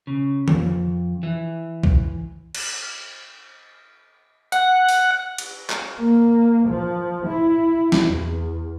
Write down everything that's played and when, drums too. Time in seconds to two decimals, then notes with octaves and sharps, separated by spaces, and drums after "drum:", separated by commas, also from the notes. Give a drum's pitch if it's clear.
0.07 C#3
0.48 F2, drum: tom D3
1.23 E3
1.84 drum: kick B1
2.55 drum: cymbal
4.52 F#5, drum: hi-hat
4.89 drum: open hi-hat
5.38 drum: cymbal
5.70 drum: clap
6.00 A#3
6.68 F3
7.26 E4
7.92 drum: snare
8.06 E2